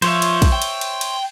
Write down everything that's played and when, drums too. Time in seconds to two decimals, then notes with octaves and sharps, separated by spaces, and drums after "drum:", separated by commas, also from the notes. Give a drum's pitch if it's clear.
0.02 F3 C5 C#5 E5, drum: cymbal
0.22 drum: cymbal
0.42 drum: kick, cymbal
0.52 G5
0.62 drum: cymbal
0.81 drum: cymbal
1.01 drum: cymbal